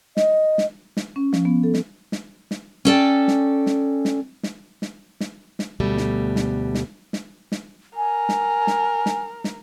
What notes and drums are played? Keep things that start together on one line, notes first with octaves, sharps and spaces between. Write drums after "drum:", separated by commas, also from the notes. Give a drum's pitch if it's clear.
D#5, drum: snare
drum: snare
drum: snare
C#4
F3, drum: snare
B3
A4
drum: snare
drum: snare
drum: snare
C#4 A4 D5 G5
drum: snare
drum: snare
drum: snare
drum: snare
drum: snare
drum: snare
drum: snare
D2 B2 G3 A3
drum: snare
drum: snare
drum: snare
drum: snare
drum: snare
A#4 G#5
drum: snare
drum: snare
drum: snare
drum: snare